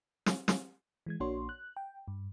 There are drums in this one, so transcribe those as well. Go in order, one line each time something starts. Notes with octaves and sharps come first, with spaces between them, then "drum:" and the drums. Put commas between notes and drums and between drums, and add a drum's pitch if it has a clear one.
drum: snare
drum: snare
E3 G#3 G#6
A#1 A#3 D4 F#4 C#5 C6
F#6
G5
G2